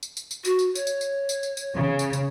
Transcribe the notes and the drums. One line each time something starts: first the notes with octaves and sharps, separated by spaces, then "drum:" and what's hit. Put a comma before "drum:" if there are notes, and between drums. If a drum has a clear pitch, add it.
drum: tambourine
drum: tambourine
drum: tambourine
F#4, drum: tambourine
drum: tambourine
C#5, drum: tambourine
drum: tambourine
drum: tambourine
drum: tambourine
drum: tambourine
drum: tambourine
C#3
drum: tambourine
drum: tambourine